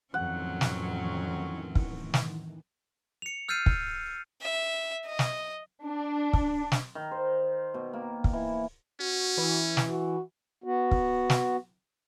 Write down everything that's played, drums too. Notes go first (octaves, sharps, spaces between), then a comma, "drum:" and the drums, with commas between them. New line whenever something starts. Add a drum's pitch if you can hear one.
F2 A2 D#3 E3 F#3 C4 C#4 F#5
drum: snare
drum: kick
drum: snare
C#7 F7
E6 F6 G6 A6 C7 D#7
drum: kick
E5
D#5
drum: snare
D4
drum: kick
drum: snare
D#3
C5
B2
A#3
drum: kick
E3
C#4 F#4
E3
drum: snare
F#4
B3 F#4
drum: kick
drum: snare